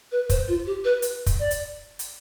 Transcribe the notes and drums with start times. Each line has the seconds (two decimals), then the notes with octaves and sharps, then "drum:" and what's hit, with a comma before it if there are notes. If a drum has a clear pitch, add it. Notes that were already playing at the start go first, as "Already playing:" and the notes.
0.11 B4
0.29 C5, drum: kick, hi-hat
0.48 F4
0.66 G4
0.84 B4
1.02 drum: hi-hat
1.26 drum: kick, hi-hat
1.39 D5
1.51 drum: hi-hat
1.99 drum: hi-hat